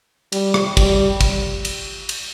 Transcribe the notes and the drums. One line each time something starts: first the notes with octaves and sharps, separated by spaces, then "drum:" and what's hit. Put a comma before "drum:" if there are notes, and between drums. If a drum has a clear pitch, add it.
G3, drum: cymbal
drum: rim click
G3, drum: kick, cymbal
drum: kick, cymbal
drum: cymbal
drum: cymbal